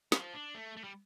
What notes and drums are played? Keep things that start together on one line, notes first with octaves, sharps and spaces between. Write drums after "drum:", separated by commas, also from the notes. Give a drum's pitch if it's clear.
F3, drum: snare
D4
A3
A3
G3